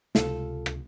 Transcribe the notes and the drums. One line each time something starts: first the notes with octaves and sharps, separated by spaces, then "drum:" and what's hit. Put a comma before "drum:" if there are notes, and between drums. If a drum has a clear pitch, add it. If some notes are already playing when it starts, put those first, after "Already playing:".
C#2 C3 F4 A4, drum: snare
drum: rim click